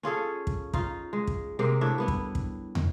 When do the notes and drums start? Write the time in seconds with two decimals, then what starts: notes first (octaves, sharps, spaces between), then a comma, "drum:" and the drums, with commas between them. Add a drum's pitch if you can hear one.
0.03 C#4 F4 G#4 A4
0.47 drum: kick
0.74 D#4 F4, drum: kick
1.13 G#3
1.27 drum: kick
1.59 C3 G#3 A#3 G4
1.81 A2 D4 C#5 E5
1.98 G3 B3 E4
2.08 drum: kick
2.35 drum: kick
2.75 drum: tom